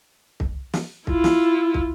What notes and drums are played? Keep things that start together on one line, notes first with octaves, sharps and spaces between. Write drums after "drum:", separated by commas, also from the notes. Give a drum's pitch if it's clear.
drum: kick
drum: snare
E4 F4, drum: kick
drum: snare
drum: kick